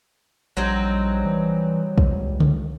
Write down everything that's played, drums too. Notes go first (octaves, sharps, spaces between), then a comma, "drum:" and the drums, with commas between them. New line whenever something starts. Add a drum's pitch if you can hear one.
A#1 F#3 G3 C4 D#4
E3
drum: kick
C#2
drum: tom C#3